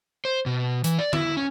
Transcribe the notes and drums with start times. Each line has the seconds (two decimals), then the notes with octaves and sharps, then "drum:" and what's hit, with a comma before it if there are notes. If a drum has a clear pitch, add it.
0.25 C5
0.46 B2
0.84 E3, drum: hi-hat
0.99 D5
1.13 E4, drum: tom D3
1.37 C#4